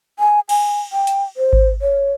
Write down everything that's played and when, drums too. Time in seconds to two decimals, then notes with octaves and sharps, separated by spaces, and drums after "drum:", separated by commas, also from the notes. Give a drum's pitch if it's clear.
0.19 G#5
0.49 G#5, drum: cymbal
0.93 G5
1.07 drum: hi-hat
1.37 C5
1.53 drum: kick G#1
1.82 C#5